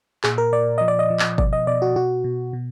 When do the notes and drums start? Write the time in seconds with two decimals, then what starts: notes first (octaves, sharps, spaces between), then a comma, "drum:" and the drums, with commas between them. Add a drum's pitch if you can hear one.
0.24 A#2 G#4, drum: clap
0.38 A#4
0.53 A#2 D5
0.78 F3 D#5
0.88 D5
0.99 D#5
1.10 F3
1.19 drum: clap
1.38 B2 D5, drum: kick G1
1.53 D#5
1.67 B2 D5
1.82 F#4
1.96 B2 F#4
2.24 B2
2.53 B2